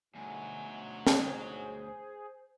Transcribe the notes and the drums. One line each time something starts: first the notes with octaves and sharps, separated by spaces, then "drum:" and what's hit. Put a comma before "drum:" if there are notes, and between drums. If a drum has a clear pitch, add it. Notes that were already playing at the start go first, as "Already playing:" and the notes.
D2 G#2 B2 F#3 G#5
G#4 C5, drum: snare